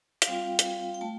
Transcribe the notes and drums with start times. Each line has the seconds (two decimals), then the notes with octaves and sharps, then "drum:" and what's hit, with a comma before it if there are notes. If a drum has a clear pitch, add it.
0.22 F5, drum: hi-hat
0.27 G3 C4 F4 G5
0.59 drum: hi-hat
0.94 G5
1.01 A3 A5